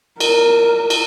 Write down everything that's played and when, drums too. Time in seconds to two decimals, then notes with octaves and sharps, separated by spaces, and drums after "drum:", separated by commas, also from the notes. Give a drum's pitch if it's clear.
0.20 A#4, drum: cymbal
0.90 drum: cymbal